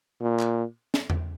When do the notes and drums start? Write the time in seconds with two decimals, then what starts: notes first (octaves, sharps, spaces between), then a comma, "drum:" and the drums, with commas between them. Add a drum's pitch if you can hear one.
0.21 A#2
0.39 drum: clap
0.94 drum: snare
1.10 drum: tom E2